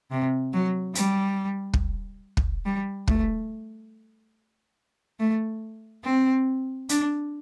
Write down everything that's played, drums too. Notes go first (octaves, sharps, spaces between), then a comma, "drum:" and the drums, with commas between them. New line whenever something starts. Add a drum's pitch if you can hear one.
C3
F#3
G3, drum: hi-hat
drum: kick
drum: kick
G3
A3, drum: kick
A3
C4
D4, drum: hi-hat